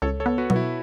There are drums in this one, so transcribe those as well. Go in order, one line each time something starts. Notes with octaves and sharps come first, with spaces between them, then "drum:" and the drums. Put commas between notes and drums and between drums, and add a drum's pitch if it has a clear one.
C#2 A4 C#5
A4 C#5
B3
F#4 B4
B2, drum: tom
E4